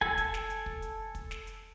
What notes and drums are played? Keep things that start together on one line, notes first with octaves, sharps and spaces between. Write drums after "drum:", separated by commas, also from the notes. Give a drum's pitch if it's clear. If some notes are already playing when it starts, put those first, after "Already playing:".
A4 G#5, drum: kick
drum: kick, hi-hat
drum: snare
drum: hi-hat
drum: kick
drum: hi-hat
drum: kick, hi-hat
drum: snare
drum: hi-hat